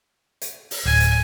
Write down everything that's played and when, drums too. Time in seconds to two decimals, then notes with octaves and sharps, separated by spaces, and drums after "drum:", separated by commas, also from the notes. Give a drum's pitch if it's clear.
0.42 drum: hi-hat
0.71 drum: open hi-hat
0.86 D1 G#5
1.00 drum: hi-hat